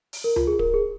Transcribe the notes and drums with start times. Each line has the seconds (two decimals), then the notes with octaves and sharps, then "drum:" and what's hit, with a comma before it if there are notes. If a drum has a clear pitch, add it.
0.13 drum: open hi-hat
0.24 A#4
0.36 F4, drum: tom C#2
0.47 G#4
0.59 A#4, drum: kick D1
0.74 G#4